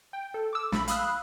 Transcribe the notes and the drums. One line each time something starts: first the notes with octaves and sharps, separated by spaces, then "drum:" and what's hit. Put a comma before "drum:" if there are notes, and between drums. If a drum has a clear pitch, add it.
G5
A4
D6 E6
A#1 A3 B5, drum: snare
F5 B5 D#6 E6 F#6, drum: hi-hat